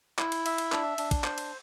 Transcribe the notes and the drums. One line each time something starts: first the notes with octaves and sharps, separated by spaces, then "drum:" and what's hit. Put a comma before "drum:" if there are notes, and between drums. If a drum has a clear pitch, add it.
E4, drum: clap
drum: cymbal
E5, drum: cymbal
drum: cymbal
D4, drum: clap
D4, drum: cymbal
drum: kick, cymbal
C5, drum: clap
drum: cymbal